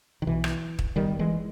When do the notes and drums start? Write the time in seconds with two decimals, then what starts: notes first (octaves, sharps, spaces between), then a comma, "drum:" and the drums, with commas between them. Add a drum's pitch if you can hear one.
0.22 D#3
0.26 B1 B2 E3
0.44 drum: rim click
0.79 drum: kick
0.96 G1 G2 D#3 G3
1.19 E3 G#3